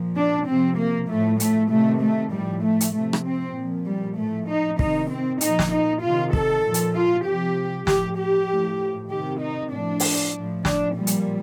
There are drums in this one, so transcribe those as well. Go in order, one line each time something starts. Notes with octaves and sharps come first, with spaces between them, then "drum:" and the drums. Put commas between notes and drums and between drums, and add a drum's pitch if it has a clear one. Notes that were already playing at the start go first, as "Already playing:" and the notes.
Already playing: A#2 F3
D4
C3 F3 C4
A#3
A2 F3 A3
A3, drum: hi-hat
C3 D#3 A3
A3
A2 F3 G3
A3
drum: hi-hat
C3 F3 A3
drum: rim click
C4
A#2 F3
G3
A2 F3 A3
D#4
C3 D#3 D#4, drum: kick
C4
A#2 F3 D#4, drum: hi-hat
drum: snare
D#4
C3 D#3 F4
A4, drum: kick
A#2 F3
drum: hi-hat
F4
C3 F3 G4
A2 F3 G4, drum: snare
G4
A2 F3
C3 D#3 G4
D#4
A2 F3 D4
drum: open hi-hat
A2 F3
D4, drum: snare
A#2 F3 G3
drum: hi-hat